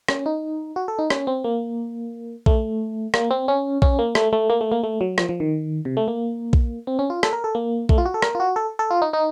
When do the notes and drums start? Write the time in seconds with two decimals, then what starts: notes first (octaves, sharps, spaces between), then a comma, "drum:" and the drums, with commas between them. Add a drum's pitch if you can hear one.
0.08 C#4, drum: rim click
0.26 D#4
0.76 F#4
0.88 A4
0.99 D#4
1.10 C#4, drum: rim click
1.27 C4
1.44 A#3
2.46 A3, drum: kick A#1
3.14 A#3, drum: rim click
3.31 C4
3.48 C#4
3.82 C#4, drum: kick A#1
3.99 A#3
4.15 A3, drum: rim click
4.33 A3
4.50 A#3
4.61 A3
4.72 A#3
4.84 A3
5.01 F#3
5.18 F3, drum: rim click
5.29 F3
5.40 D#3
5.85 C3
5.97 A3
6.08 A#3
6.53 drum: kick A#1
6.87 C4
6.99 C#4
7.10 F4
7.23 A4, drum: rim click
7.33 A#4
7.44 A4
7.55 A#3
7.89 A3, drum: kick A#1
7.98 F4
8.06 F#4
8.14 A4
8.22 A#4, drum: rim click
8.35 F4
8.40 F#4
8.56 A4
8.79 A4
8.91 F4
9.02 D#4
9.13 D#4